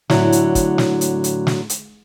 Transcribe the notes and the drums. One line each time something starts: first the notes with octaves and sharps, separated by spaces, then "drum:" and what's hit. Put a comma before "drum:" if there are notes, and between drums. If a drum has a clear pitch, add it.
A2 D3 F#3 E4, drum: snare
drum: hi-hat
drum: kick, hi-hat
drum: snare
drum: hi-hat
drum: hi-hat
drum: snare
drum: hi-hat